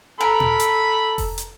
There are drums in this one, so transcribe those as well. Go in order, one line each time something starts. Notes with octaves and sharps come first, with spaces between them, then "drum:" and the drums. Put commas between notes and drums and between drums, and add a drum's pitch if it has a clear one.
A4 A#4 B5
drum: tom A#2
drum: hi-hat
drum: kick F1, open hi-hat
drum: hi-hat